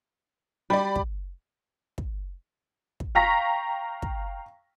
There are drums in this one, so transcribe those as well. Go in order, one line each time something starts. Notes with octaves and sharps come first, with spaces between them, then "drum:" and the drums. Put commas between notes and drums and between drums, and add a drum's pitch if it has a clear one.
G3 D5 B5
drum: kick
drum: kick
drum: kick
F5 G5 A#5 C#6 A#6 B6
drum: kick